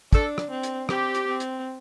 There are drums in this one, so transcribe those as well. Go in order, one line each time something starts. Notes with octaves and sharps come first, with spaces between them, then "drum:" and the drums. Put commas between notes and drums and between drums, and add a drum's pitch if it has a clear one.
D4 A4, drum: kick, hi-hat
drum: rim click
C4
drum: hi-hat
C4 G4, drum: rim click
drum: hi-hat
C4
drum: hi-hat